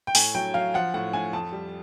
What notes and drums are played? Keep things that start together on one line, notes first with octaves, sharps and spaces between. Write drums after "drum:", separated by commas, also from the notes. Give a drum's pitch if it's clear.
G5
A2 G#5, drum: open hi-hat
F#3 G5
F#3 F5
F3 F#5
A2 F#5
A2 G#5
F2 A5
G3